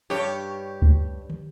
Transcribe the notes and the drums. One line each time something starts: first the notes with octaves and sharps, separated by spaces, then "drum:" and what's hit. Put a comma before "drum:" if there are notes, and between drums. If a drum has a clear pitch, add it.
G2 G4 C#5
drum: kick C#2
drum: tom